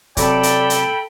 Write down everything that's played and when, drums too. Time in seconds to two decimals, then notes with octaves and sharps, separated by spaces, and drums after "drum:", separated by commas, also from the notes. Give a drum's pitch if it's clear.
0.17 C3 F#3 A4 D5 G5 B5, drum: kick, hi-hat
0.43 drum: hi-hat
0.70 drum: hi-hat